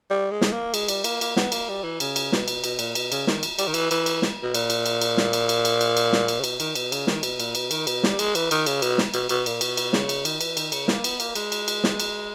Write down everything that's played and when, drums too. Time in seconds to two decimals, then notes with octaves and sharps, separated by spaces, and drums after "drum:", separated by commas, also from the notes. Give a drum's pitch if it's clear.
0.10 G3
0.31 G#3
0.41 drum: snare
0.52 A#3
0.74 G#3, drum: cymbal
0.88 G3, drum: cymbal
1.04 A#3, drum: cymbal
1.21 A#3, drum: cymbal
1.36 B3, drum: snare
1.52 A#3, drum: cymbal
1.69 G3
1.84 E3
2.00 C#3, drum: cymbal
2.16 drum: cymbal
2.32 B2, drum: snare
2.48 drum: cymbal
2.64 B2, drum: cymbal
2.79 A#2, drum: cymbal
2.95 B2, drum: cymbal
3.12 C#3, drum: cymbal
3.27 D#3, drum: snare
3.43 drum: cymbal
3.59 G3, drum: cymbal
3.67 D#3
3.74 E3, drum: cymbal
3.91 E3, drum: cymbal
4.06 drum: cymbal
4.22 drum: snare
4.43 B2
4.54 A#2, drum: cymbal
4.70 drum: cymbal
4.86 drum: cymbal
5.01 drum: cymbal
5.17 drum: snare
5.33 drum: cymbal
5.49 drum: cymbal
5.65 drum: cymbal
5.81 drum: cymbal
5.97 drum: cymbal
6.13 drum: snare
6.28 drum: cymbal
6.40 C#3
6.44 B2, drum: cymbal
6.60 D#3, drum: cymbal
6.75 B2, drum: cymbal
6.92 C#3, drum: cymbal
7.07 D#3, drum: snare
7.23 B2, drum: cymbal
7.40 A#2, drum: cymbal
7.55 B2, drum: cymbal
7.71 D#3, drum: cymbal
7.87 B2, drum: cymbal
8.03 G3, drum: snare
8.19 G#3, drum: cymbal
8.35 E3, drum: cymbal
8.51 D#3, drum: cymbal
8.66 C#3, drum: cymbal
8.82 B2, drum: cymbal
8.98 drum: snare
9.14 B2, drum: cymbal
9.29 B2, drum: cymbal
9.46 A#2, drum: cymbal
9.61 B2, drum: cymbal
9.77 drum: cymbal
9.93 C#3, drum: snare
10.09 drum: cymbal
10.25 D#3, drum: cymbal
10.41 E3, drum: cymbal
10.57 D#3, drum: cymbal
10.72 C#3, drum: cymbal
10.88 A#3, drum: snare
11.04 B3, drum: cymbal
11.20 A#3, drum: cymbal
11.35 G#3, drum: cymbal
11.52 drum: cymbal
11.68 drum: cymbal
11.84 drum: snare
12.00 drum: cymbal